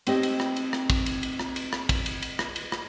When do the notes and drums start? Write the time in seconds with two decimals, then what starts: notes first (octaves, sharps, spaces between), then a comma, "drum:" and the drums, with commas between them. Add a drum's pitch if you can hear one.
0.07 A3 C4 D#4 G4 C5 D#5, drum: cymbal
0.23 drum: cymbal
0.40 drum: rim click
0.56 drum: cymbal
0.73 drum: rim click
0.90 drum: kick, cymbal
1.06 drum: cymbal
1.23 drum: cymbal
1.39 drum: rim click
1.56 drum: cymbal
1.73 drum: rim click
1.89 drum: kick, cymbal
2.06 drum: cymbal
2.22 drum: cymbal
2.39 drum: rim click
2.56 drum: cymbal
2.72 drum: rim click